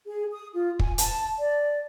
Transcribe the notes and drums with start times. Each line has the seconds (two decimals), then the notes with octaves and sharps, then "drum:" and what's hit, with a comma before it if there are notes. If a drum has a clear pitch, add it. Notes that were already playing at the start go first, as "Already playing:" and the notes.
0.06 G#4
0.31 D#6
0.53 F4
0.79 G#5, drum: kick
0.98 A5, drum: hi-hat
1.38 D5